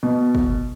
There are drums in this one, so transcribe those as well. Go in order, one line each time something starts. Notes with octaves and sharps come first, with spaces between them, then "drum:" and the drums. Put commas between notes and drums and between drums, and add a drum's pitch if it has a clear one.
B2
drum: kick